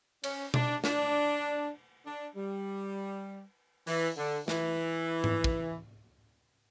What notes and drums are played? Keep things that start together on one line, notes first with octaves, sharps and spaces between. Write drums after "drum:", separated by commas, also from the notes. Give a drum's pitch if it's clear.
C#4, drum: cymbal
D4, drum: tom B2
D4, drum: snare
D4
G3
E3, drum: open hi-hat
D3
E3, drum: snare
drum: tom G#2
drum: kick